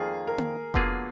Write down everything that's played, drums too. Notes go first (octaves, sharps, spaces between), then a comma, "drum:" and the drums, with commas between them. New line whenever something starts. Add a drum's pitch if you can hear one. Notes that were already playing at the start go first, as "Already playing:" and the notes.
Already playing: F2 D#3 A#3 F4 G#4
A#4
drum: tom A#3
D3 F#3 A#3 B3 F4 G#4, drum: kick F1